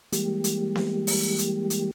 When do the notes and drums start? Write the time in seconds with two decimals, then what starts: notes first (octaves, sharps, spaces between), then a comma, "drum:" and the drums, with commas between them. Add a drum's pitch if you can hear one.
0.12 E3 G3 G#3 A#3 G4, drum: hi-hat
0.44 drum: hi-hat
0.75 drum: snare B3
1.07 drum: open hi-hat
1.39 drum: hi-hat
1.70 drum: hi-hat